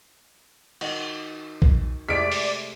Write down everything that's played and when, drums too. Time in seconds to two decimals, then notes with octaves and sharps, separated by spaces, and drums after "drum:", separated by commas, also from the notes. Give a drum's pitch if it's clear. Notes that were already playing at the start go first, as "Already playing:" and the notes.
0.81 D#3 F#4, drum: cymbal
1.62 drum: kick A#1
2.09 C3 G#3 A3 D5 B6 D7
2.32 drum: open hi-hat